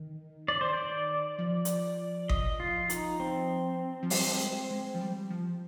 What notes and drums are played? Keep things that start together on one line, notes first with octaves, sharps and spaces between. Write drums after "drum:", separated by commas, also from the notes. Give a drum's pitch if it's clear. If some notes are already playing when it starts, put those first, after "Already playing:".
Already playing: D#3
D5
C5
D5
F3
drum: hi-hat
D#5, drum: kick G1
F4
D#4, drum: hi-hat
C4
F3
G3, drum: open hi-hat
G#3
G#3
F3
G3
F3